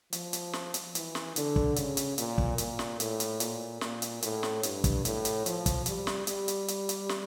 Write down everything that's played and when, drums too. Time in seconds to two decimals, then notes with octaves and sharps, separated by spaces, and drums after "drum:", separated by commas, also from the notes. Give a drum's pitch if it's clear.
0.13 F3, drum: hi-hat
0.33 drum: hi-hat
0.53 drum: snare
0.74 drum: hi-hat
0.95 E3, drum: hi-hat
1.15 drum: snare
1.36 D3, drum: hi-hat
1.56 drum: kick
1.76 C#3, drum: hi-hat
1.97 drum: hi-hat
2.18 A#2, drum: hi-hat
2.38 drum: kick
2.58 A#2, drum: hi-hat
2.79 drum: snare
3.00 A2, drum: hi-hat
3.20 drum: hi-hat
3.40 A#2, drum: hi-hat
3.81 A#2, drum: snare
4.02 drum: hi-hat
4.22 A2, drum: hi-hat
4.43 drum: snare
4.63 G2, drum: hi-hat
4.84 drum: kick, hi-hat
5.05 A2, drum: hi-hat
5.25 drum: hi-hat
5.46 F3, drum: hi-hat
5.66 drum: kick, hi-hat
5.86 G3, drum: hi-hat
6.07 drum: snare
6.27 G3, drum: hi-hat
6.48 drum: hi-hat
6.68 drum: hi-hat
6.89 drum: hi-hat
7.09 drum: snare